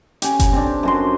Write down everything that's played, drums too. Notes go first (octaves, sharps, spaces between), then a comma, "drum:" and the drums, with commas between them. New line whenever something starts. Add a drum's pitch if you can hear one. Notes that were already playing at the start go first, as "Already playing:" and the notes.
C#4 G4, drum: hi-hat
drum: kick F#1, hi-hat
C4 D4
F#2 F#4 C6